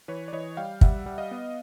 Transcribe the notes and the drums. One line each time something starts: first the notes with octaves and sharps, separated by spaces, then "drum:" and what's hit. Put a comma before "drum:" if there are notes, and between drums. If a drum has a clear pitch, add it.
E3 B4 C#5
D5
E3 C#5 D#5
G3 F5 G5
G3 E5 F#5, drum: kick
G3
D#5 F5
B3